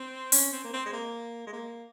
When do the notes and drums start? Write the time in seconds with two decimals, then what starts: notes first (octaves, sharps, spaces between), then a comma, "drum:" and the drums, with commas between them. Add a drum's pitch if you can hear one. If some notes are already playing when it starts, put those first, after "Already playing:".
Already playing: C4
0.32 C#4, drum: open hi-hat
0.53 C4
0.64 A#3
0.73 C4
0.86 G#3
0.93 A#3
1.47 G#3
1.53 A#3